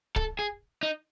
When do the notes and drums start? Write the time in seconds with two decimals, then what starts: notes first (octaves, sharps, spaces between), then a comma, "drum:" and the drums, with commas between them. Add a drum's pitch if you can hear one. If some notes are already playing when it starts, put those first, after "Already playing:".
0.16 A4, drum: kick C#1
0.39 G#4
0.83 D#4